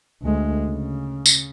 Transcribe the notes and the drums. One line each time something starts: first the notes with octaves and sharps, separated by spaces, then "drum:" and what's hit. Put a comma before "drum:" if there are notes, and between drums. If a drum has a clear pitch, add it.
D2 G#3
C#3
drum: tambourine